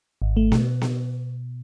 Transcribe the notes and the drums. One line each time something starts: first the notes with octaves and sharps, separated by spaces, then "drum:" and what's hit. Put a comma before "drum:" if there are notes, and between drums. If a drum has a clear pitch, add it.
G#1
A3
B2, drum: snare B3
drum: snare B3